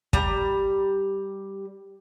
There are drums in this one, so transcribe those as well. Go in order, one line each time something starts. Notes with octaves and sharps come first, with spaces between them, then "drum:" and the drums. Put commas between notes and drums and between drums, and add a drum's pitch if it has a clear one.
G3 A#5, drum: kick